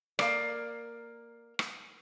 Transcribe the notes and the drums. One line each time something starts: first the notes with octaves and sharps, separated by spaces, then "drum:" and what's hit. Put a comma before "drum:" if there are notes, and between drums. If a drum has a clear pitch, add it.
A#3 D5, drum: rim click
drum: rim click